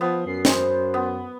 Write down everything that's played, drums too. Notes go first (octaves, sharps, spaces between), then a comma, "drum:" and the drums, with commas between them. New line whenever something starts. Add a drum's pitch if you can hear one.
F3 B3
F#2 C7
C5, drum: snare
B3